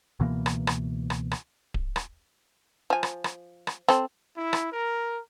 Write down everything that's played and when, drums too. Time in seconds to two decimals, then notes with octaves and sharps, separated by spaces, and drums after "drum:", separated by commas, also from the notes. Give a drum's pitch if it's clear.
0.20 C#2 B2 E3 A#3
0.46 drum: rim click
0.67 drum: rim click
1.10 drum: rim click
1.31 drum: rim click
1.74 drum: kick D1
1.96 drum: rim click
2.90 F3 G#5
3.03 drum: rim click
3.24 drum: rim click
3.67 drum: rim click
3.88 C4 A4, drum: rim click
4.37 E4
4.53 drum: rim click
4.73 A#4